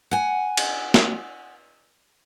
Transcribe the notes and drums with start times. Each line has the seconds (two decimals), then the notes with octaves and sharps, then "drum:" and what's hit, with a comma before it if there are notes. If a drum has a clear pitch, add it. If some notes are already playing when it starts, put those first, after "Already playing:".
0.11 F#5 G#5
0.57 drum: cymbal
0.94 drum: snare